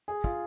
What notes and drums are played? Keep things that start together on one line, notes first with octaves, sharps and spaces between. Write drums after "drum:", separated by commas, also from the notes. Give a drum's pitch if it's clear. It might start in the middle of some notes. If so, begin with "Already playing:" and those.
G#4
F4, drum: kick